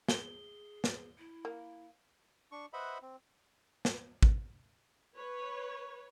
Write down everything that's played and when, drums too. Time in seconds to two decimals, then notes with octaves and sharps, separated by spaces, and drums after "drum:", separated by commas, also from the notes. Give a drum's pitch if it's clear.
0.09 G#4 G7, drum: snare
0.84 drum: snare
1.18 E4
1.45 A#3
2.52 D4 C#6
2.73 B4 C5 D#5 E5 F#5 B5
3.02 C4
3.85 drum: snare
4.23 drum: kick
5.16 B4 C#5